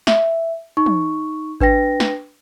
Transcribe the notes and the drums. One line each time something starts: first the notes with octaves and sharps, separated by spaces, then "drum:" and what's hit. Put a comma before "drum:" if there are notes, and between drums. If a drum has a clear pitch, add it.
E5, drum: snare
D#4 C#6
drum: tom
D4 B4 G5 A#6, drum: kick G#1
drum: snare